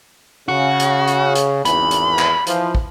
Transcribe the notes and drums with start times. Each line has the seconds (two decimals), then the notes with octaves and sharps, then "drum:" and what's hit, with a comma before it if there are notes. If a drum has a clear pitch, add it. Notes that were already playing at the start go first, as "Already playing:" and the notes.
0.48 C#3 F#4
0.80 drum: hi-hat
1.08 drum: hi-hat
1.35 drum: hi-hat
1.65 G#1 E2 B5, drum: hi-hat
1.91 drum: hi-hat
2.19 drum: clap
2.47 E3 F3, drum: hi-hat
2.75 drum: kick